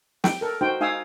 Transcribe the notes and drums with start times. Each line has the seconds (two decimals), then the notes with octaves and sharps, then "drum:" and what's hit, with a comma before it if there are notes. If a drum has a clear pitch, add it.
0.24 G5, drum: snare
0.41 A4 A#4
0.61 D#4 F#4 C5 G5
0.81 D#4 F5 G#5 D#6 E6